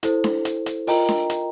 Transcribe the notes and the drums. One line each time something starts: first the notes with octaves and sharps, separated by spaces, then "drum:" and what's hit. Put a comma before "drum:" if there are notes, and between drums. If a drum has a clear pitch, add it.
E4 A4 C5, drum: hi-hat
drum: snare D4
drum: hi-hat
drum: hi-hat
F4 A#4 D#5 G5 A#5, drum: open hi-hat
drum: snare D4
drum: hi-hat